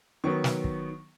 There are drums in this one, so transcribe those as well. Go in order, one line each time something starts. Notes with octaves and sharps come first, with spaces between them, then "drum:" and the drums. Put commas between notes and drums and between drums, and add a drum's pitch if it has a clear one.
D#3 F#3 B3 C#6
drum: snare
drum: kick